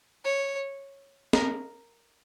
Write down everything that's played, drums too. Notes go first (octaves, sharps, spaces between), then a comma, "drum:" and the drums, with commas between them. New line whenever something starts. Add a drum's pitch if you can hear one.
C#5
A#4, drum: snare